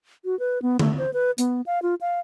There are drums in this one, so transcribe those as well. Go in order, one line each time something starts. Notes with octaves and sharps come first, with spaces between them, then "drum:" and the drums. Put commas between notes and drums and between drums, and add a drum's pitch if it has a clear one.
F#4
B4
B3
A3, drum: tom D3
C5
B4
B3, drum: hi-hat
F5
F4
F5